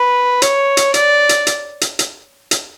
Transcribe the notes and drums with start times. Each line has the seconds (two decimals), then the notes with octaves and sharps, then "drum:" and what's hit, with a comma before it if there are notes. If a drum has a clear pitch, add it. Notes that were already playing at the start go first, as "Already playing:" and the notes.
Already playing: B4
0.42 C#5, drum: hi-hat
0.77 drum: hi-hat
0.94 D5, drum: hi-hat
1.29 drum: hi-hat
1.47 drum: hi-hat
1.81 drum: hi-hat
1.99 drum: hi-hat
2.51 drum: hi-hat